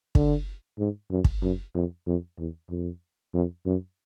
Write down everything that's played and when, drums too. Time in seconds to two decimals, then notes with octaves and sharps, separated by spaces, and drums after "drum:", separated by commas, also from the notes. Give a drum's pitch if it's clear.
0.15 D3, drum: kick
0.78 G#2
1.10 F#2
1.24 drum: kick
1.42 F#2
1.74 F2
2.06 F2
2.38 E2
2.70 F2
3.34 F2
3.65 F#2